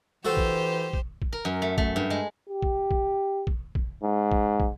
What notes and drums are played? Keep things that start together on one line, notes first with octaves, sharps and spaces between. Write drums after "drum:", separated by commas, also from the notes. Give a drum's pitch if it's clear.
E3 F#4 G4 A4 C5
drum: kick
drum: kick
drum: kick
A#4
F#2
A3
A3, drum: kick
G2
G#3
G4
drum: kick
drum: kick
drum: kick
drum: kick
G#2
drum: kick
drum: kick